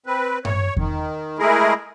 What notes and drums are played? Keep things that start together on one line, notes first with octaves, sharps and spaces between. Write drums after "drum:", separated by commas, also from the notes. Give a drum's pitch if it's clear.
C4 B4
C#5, drum: tom G2
D#3, drum: kick E2
G#3 A3 E4 G#4 A#4